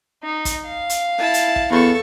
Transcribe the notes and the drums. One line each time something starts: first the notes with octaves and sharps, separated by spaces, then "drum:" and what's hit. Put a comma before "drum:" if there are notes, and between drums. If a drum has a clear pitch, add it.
D#4
drum: kick, hi-hat
F5
drum: hi-hat
E4 A5
drum: hi-hat
drum: kick
E2 A4 C#6